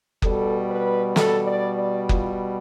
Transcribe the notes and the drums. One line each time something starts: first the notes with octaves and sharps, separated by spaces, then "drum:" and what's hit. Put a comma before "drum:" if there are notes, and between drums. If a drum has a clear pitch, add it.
B2 G3 A4, drum: kick F#1
B4
A4, drum: snare
D5
D5
F4, drum: kick F#1